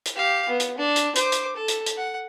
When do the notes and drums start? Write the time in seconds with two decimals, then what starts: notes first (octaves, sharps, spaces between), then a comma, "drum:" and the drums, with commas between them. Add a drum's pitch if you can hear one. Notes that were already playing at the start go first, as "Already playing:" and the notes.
0.05 drum: hi-hat
0.16 G4 F5
0.49 B3
0.60 drum: hi-hat
0.78 D4
0.96 drum: hi-hat
1.15 C5 D6, drum: hi-hat
1.32 drum: hi-hat
1.56 A4
1.68 drum: hi-hat
1.86 drum: hi-hat
1.97 F#5